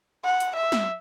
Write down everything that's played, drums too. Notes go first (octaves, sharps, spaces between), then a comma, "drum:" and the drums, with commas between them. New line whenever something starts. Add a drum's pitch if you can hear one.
F#5
drum: hi-hat
E5
drum: snare